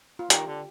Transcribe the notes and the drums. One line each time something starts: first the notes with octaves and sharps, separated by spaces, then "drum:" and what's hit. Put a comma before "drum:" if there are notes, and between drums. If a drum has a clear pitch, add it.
F4
D#3 G4, drum: hi-hat
D3